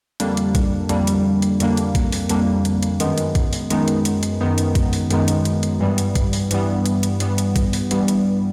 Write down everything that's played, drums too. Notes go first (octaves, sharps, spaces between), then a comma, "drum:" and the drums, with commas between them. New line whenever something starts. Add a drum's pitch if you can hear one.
F2 D3 G3 A#3 D4, drum: hi-hat
drum: hi-hat
drum: kick, hi-hat
F2 D3 G3 A#3 D4, drum: hi-hat
drum: hi-hat
drum: hi-hat
F2 D3 G3 A#3 D4, drum: hi-hat
drum: hi-hat
drum: kick, hi-hat
drum: open hi-hat
F2 D3 G3 A#3 D4, drum: hi-hat
drum: hi-hat
drum: hi-hat
F#2 D#3 G#3 B3 D#4, drum: hi-hat
drum: hi-hat
drum: kick, hi-hat
drum: open hi-hat
F#2 D#3 G#3 B3 D#4, drum: hi-hat
drum: hi-hat
drum: hi-hat
drum: hi-hat
F#2 D#3 G#3 B3 D#4
drum: hi-hat
drum: kick, hi-hat
drum: open hi-hat
F#2 D#3 G#3 B3 D#4, drum: hi-hat
drum: hi-hat
drum: hi-hat
drum: hi-hat
G2 E3 G3 B3
drum: hi-hat
drum: kick, hi-hat
drum: open hi-hat
G2 E3 G3 B3, drum: hi-hat
drum: hi-hat
drum: hi-hat
G2 E3 G3 B3, drum: hi-hat
drum: hi-hat
drum: kick, hi-hat
drum: open hi-hat
G2 E3 G3 B3, drum: hi-hat
drum: hi-hat